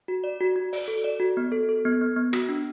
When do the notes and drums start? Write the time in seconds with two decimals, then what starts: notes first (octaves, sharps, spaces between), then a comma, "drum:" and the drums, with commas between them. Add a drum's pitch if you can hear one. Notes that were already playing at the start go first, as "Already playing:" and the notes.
0.08 F#4
0.24 D5
0.41 F#4
0.56 F#4
0.73 D5, drum: open hi-hat
0.88 A4
1.04 D5
1.20 F#4
1.37 B3
1.52 A4
1.69 A4
1.85 B3
2.01 B3
2.16 B3
2.33 F#4, drum: rim click
2.49 D4